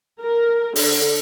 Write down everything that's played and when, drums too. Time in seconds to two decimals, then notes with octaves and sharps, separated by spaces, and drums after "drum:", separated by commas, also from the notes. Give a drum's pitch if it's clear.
0.22 A#4
0.76 D3, drum: open hi-hat